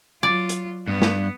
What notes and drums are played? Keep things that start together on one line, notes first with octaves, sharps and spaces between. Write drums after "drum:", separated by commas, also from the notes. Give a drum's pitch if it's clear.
F#3 F4 D5
drum: hi-hat
G2 B3
drum: snare